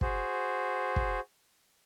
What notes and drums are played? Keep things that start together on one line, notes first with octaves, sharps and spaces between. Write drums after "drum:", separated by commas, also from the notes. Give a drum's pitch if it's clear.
F#4 G#4 C5, drum: kick
drum: kick